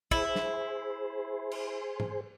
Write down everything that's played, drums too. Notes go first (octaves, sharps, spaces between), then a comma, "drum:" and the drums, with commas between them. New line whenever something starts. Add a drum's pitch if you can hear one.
E4 G#4 C5, drum: kick
drum: snare
drum: cymbal
drum: tom G#2